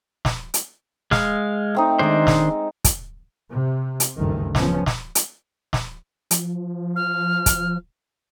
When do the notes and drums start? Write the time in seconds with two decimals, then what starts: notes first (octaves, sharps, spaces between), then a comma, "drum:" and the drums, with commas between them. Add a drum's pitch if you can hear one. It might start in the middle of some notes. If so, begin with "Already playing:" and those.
0.25 drum: snare
0.54 drum: hi-hat
1.11 G#3 F5, drum: snare
1.75 A3 C4 D#4
1.99 D#3 G#3 D4 D#4 C5
2.27 drum: snare
2.84 drum: kick, hi-hat
3.49 C3
4.00 drum: hi-hat
4.17 F#1 D2 G2 D#3
4.55 C#3 F3 B3 C#4, drum: snare
4.86 drum: snare
5.15 drum: hi-hat
5.73 drum: snare
6.31 F3, drum: hi-hat
6.96 F6
7.46 drum: kick, hi-hat